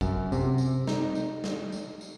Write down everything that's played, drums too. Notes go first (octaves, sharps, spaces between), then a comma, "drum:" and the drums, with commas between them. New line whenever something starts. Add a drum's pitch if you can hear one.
F#2, drum: kick G#1, tambourine
C3, drum: tambourine
drum: tambourine
D#4, drum: snare
drum: tambourine
drum: snare
drum: tambourine
drum: tambourine